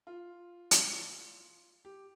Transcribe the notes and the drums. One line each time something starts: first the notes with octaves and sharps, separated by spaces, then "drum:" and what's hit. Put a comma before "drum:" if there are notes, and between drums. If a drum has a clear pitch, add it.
F4
drum: hi-hat
G4